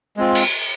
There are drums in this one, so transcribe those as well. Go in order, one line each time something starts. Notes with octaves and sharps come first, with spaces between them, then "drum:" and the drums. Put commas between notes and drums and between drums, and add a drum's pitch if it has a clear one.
G#3 C4 F4
drum: cymbal